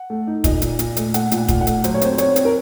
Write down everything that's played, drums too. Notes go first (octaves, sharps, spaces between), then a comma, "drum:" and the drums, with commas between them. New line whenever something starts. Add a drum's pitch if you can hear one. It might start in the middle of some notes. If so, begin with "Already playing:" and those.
Already playing: F#5
A3
D#4
A#2 D#5, drum: kick, hi-hat
A#2, drum: hi-hat
A#2, drum: hi-hat
A3, drum: hi-hat
A3 F#5, drum: hi-hat
A#2, drum: hi-hat
F#5
A#2, drum: kick, hi-hat
F#5
A3, drum: hi-hat
F#3 C5, drum: hi-hat
C#5
C4 C5, drum: hi-hat
C4 C#5, drum: hi-hat
C4, drum: hi-hat
A#4